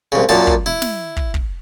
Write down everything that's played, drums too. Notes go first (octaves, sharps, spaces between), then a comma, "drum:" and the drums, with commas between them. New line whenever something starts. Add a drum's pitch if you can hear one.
C2 C#3
F#2 A#2 A5
drum: kick
E4
drum: snare
drum: kick
drum: kick